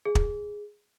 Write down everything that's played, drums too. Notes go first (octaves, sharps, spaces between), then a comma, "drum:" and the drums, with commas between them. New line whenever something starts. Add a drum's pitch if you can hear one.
G#4
drum: kick